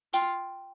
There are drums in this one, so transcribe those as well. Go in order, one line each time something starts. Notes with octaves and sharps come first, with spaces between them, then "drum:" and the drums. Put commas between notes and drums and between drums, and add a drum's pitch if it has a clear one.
F4 G5, drum: tambourine